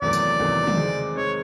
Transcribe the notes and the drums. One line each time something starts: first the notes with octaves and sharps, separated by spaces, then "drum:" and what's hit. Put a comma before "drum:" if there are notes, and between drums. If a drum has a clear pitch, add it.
E2 C3 D#3 F#3 A3 D5
drum: tambourine
E2 C3 D#3 F#3 A3
drum: tom
D#3 G#3 C4
D#3 G#3 C4 C#5